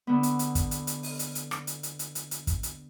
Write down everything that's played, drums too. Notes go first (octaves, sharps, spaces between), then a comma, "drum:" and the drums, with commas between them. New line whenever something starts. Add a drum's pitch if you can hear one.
D3 B3
drum: hi-hat
drum: hi-hat
drum: kick, hi-hat
drum: hi-hat
drum: hi-hat
drum: open hi-hat
drum: hi-hat
drum: hi-hat
drum: rim click
drum: hi-hat
drum: hi-hat
drum: hi-hat
drum: hi-hat
drum: hi-hat
drum: kick, hi-hat
drum: hi-hat